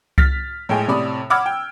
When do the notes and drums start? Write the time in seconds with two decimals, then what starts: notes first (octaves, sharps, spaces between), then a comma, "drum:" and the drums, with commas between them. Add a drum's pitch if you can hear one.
0.18 F6 A6 B6, drum: kick C2
0.69 A2 G#3 G5 G#5
0.88 A2 C3 D5 B5 D#6
1.30 F#5 B5 D6 E6 F6 G#6
1.46 G5